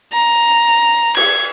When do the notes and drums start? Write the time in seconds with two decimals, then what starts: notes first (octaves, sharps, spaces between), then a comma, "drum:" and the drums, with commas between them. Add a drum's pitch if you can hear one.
0.13 A#5
1.17 G#6, drum: cymbal